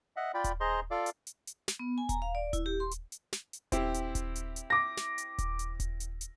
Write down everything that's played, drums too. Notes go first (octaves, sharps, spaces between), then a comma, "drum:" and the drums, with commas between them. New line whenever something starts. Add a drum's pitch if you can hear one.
D#5 E5 F#5
F4 D5 G5 B5
drum: kick D#1, hi-hat
G#4 C5 D#5 A#5 C6
F4 A4 D5 F5 D6
drum: hi-hat
drum: hi-hat
drum: hi-hat
drum: snare
B3
G#5
A#5, drum: kick D#1, hi-hat
F5
D5
E4, drum: kick D#1, hi-hat
G4
C6
drum: hi-hat
drum: hi-hat
drum: snare
drum: hi-hat
C4 E4 G4, drum: kick D#1, hi-hat
drum: hi-hat
drum: kick D#1, hi-hat
drum: hi-hat
drum: hi-hat
D6 A#6
drum: snare
drum: hi-hat
drum: kick D#1, hi-hat
drum: hi-hat
drum: kick D#1, hi-hat
drum: hi-hat
drum: hi-hat